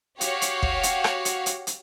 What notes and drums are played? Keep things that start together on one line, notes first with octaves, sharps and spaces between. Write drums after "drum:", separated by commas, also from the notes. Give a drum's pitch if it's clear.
F#4 G4 C#5 F5, drum: hi-hat
drum: hi-hat
drum: kick
drum: hi-hat
drum: rim click
drum: hi-hat
drum: hi-hat
drum: hi-hat